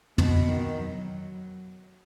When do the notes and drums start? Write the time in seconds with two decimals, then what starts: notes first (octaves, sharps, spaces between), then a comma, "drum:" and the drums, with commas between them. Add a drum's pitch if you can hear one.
0.18 B2, drum: tom
0.48 D#3
0.79 F#3